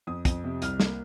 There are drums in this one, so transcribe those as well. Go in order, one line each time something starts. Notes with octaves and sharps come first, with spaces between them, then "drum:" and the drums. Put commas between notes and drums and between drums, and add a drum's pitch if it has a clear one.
F2 D#6
F2, drum: kick, hi-hat
C3
C2 F6, drum: hi-hat
A#3, drum: snare